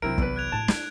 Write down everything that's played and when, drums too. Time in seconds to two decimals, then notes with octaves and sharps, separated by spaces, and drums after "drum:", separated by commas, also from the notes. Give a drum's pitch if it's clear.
0.02 C2 F#3 C4 E4 A#4 D7
0.18 E2 B4, drum: kick
0.36 F#6 G#6 F7
0.52 A2 A5
0.68 E4, drum: snare